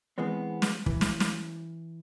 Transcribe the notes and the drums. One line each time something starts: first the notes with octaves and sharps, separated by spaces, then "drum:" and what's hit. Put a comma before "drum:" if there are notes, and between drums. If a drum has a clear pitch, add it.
E3 G#3 B3 C4
drum: snare
E3, drum: kick
drum: snare
drum: snare